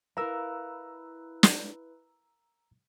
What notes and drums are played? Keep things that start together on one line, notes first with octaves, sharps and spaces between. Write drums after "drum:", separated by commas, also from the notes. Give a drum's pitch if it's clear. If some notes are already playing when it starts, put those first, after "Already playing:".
E4 A#4 B4 F5 A#5 E6
drum: snare